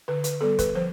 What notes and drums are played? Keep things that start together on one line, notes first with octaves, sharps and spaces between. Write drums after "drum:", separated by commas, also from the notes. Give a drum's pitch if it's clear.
D3 B4
B4, drum: hi-hat
G3 B3 A4
B4, drum: kick, hi-hat
F3 C5